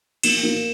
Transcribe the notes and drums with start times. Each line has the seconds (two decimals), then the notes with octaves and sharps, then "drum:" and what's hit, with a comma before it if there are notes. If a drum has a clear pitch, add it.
0.23 A#3 E7, drum: cymbal
0.43 A#3